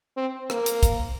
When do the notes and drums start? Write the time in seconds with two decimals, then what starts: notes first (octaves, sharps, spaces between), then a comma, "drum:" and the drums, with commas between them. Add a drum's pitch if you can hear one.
0.17 C4
0.50 A#3, drum: rim click
0.66 drum: hi-hat
0.83 drum: kick, hi-hat